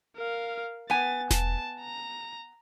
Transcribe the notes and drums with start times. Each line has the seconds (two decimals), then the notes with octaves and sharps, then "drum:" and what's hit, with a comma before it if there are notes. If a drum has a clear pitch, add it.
0.17 A#4 F5
0.90 B3 G#5 A6
1.31 A5, drum: snare E1
1.81 A#5